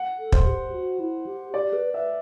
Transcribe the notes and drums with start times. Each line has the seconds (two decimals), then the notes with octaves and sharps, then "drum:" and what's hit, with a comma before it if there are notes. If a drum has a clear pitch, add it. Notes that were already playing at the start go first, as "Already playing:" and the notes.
Already playing: F#5
0.19 A4
0.32 C5, drum: kick
0.46 G4
0.73 F#4
1.00 E4
1.27 G4
1.54 G4 D5
1.73 B4
1.94 B4 E5